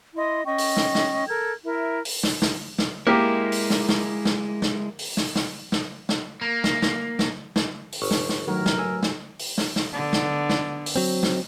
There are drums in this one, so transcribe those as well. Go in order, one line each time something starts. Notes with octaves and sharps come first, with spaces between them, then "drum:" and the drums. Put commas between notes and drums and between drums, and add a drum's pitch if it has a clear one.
E4 D#5 C6
C#4 D#5 G5 C#6
drum: open hi-hat
drum: snare
drum: snare
A4 A#4 G#6
E4 A#4 E5
drum: open hi-hat
drum: snare
drum: snare
drum: snare
G#3 A#3 E4 G4
drum: open hi-hat
drum: snare
drum: snare
drum: snare
drum: snare
drum: open hi-hat
drum: snare
drum: snare
drum: snare
drum: snare
A#3
drum: snare
drum: snare
drum: snare
drum: snare
drum: open hi-hat
G1 C#6
drum: snare
drum: snare
A2 D#3 F#3 F#4 A#4
drum: snare
G#5 E6
drum: snare
drum: open hi-hat
drum: snare
drum: snare
D3 B3
drum: snare
drum: snare
drum: open hi-hat
F#3 C4
drum: snare